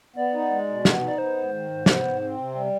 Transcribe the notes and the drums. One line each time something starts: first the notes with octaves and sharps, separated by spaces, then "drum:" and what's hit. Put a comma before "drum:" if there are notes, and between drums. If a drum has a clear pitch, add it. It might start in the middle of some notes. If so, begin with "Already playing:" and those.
B3 D5
D#4
G#3
B2
B3, drum: snare
D#4
D5
B3 C5
G#2
D#3
G#2
B3, drum: snare
G#2
C4
C3
G3